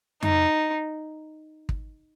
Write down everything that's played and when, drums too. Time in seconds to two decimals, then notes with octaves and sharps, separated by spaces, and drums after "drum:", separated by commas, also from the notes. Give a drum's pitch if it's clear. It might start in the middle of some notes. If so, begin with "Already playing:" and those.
0.22 D#4, drum: tom F2
1.69 drum: kick